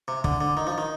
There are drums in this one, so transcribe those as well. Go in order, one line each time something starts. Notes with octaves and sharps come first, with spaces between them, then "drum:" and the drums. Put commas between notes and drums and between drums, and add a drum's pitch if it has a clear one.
C3
D3, drum: kick
D3
D#3
F3
D#3